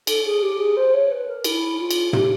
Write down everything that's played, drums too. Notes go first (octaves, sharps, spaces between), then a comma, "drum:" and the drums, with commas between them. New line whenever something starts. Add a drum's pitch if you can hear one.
A4, drum: cymbal
G#4
G4
G#4
C5
C#5
B4
A#4
E4, drum: cymbal
F4
drum: cymbal
G4, drum: tom